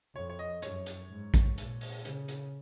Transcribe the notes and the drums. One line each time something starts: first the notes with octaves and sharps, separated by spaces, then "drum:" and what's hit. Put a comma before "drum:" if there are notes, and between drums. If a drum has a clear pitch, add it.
F2 C#5
C#5
D#5
F#2 C#5, drum: hi-hat
drum: hi-hat
G#2
drum: kick, hi-hat
A#2, drum: hi-hat
drum: open hi-hat
C#3, drum: hi-hat
drum: hi-hat